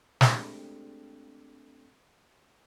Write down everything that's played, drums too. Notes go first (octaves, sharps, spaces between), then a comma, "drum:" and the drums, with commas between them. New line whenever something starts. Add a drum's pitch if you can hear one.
G#3 A3 C4 D4 G4 A4, drum: snare